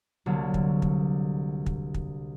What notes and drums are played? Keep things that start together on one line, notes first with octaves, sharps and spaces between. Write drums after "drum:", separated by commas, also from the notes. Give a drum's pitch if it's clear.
C2 D3 F#3 A#3
drum: kick
drum: kick
drum: kick
drum: kick